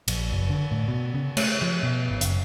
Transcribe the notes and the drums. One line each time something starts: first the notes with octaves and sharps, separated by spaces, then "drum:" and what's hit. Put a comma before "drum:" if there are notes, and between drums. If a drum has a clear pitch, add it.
A#1, drum: cymbal
F#1
D3
A2
B2
C#3
A3, drum: cymbal
F3
B2
G#1
F#1, drum: hi-hat